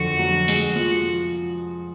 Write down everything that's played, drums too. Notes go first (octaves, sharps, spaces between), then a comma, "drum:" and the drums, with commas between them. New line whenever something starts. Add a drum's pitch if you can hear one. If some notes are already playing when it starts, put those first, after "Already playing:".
Already playing: F2 D3 F#4
F#3
G#3, drum: open hi-hat
F3